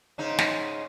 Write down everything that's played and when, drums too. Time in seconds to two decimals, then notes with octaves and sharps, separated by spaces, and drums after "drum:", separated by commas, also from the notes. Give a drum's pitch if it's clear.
0.18 G#2 C#3 D#4
0.38 drum: snare